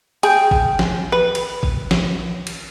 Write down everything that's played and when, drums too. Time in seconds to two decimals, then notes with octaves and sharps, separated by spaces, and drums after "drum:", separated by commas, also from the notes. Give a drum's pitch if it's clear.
0.23 G#4 G5, drum: cymbal
0.51 drum: kick A1
0.79 drum: snare
1.12 B4
1.35 drum: cymbal
1.63 drum: kick A1
1.91 drum: snare
2.47 drum: cymbal